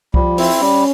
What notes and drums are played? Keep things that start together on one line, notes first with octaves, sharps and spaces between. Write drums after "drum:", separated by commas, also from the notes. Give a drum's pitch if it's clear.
F3 G3, drum: kick C2
C4 E4, drum: open hi-hat
G3 C#4